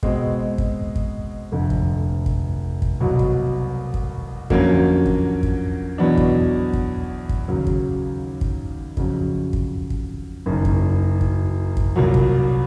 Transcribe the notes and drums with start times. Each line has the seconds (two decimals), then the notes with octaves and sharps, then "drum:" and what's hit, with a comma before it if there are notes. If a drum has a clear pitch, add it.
0.03 B2 G#3 C4, drum: kick
0.58 drum: kick
0.96 drum: kick
1.52 F1 F2 D3
1.70 drum: kick
2.26 drum: kick
2.82 drum: kick
3.00 C2 B2 F#3 B3
3.19 drum: kick
3.94 drum: kick
4.50 F2 D3 F#3 A#3 C#4, drum: kick
5.06 drum: kick
5.43 drum: kick
5.98 E2 B2 F#3 B3 D4
6.17 drum: kick
6.73 drum: kick
7.29 drum: kick
7.48 D#2 C#3 F#3
7.67 drum: kick
8.41 drum: kick
8.97 F2 C#3 F#3, drum: kick
9.53 drum: kick
9.90 drum: kick
10.46 F#1 F#2 D#3
10.65 drum: kick
11.21 drum: kick
11.77 drum: kick
11.96 C2 A#2 F#3
12.14 drum: kick